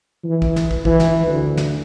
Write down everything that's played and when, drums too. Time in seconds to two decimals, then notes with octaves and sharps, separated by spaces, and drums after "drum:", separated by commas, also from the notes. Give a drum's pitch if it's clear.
0.24 E3
0.42 drum: kick
0.56 drum: snare
0.71 drum: kick
0.85 E3, drum: kick
1.00 drum: snare
1.28 D2
1.57 drum: snare